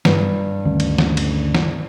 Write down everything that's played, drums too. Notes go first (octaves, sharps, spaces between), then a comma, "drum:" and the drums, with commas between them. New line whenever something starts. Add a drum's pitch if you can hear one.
G2, drum: snare
D2 D#3 C#4
drum: cymbal
drum: snare
drum: cymbal
drum: snare